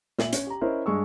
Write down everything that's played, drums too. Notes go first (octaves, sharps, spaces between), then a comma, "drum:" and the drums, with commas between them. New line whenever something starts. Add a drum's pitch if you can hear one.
A#2 E5 F#7, drum: snare
C#4 C#5, drum: hi-hat
G4 A#5
C#4 E4 A#4 C5 D#5
G2 G#3 C#6 E6